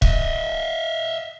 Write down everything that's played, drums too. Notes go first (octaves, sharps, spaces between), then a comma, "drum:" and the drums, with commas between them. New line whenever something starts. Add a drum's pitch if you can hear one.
D#5 E5, drum: kick